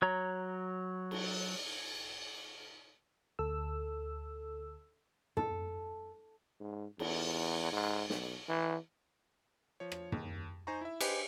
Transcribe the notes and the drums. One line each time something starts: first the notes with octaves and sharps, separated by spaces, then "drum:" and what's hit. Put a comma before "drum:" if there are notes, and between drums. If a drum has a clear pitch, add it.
F#3 C#5 A#5
drum: cymbal
D2 A4 E6
A4, drum: tom
G#2
E2, drum: cymbal
G#2
B1, drum: snare
E3
F3 C#5
drum: rim click
D#2, drum: tom
D#4 C5 G#5 A#5 C#6
E4 E5
G4 B4 C5 D#5 G#5, drum: cymbal